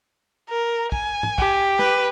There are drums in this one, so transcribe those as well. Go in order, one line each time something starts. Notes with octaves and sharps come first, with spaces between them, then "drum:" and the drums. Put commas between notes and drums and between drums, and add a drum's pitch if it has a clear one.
A#4
G#5, drum: kick
drum: tom
G4, drum: kick
B4, drum: snare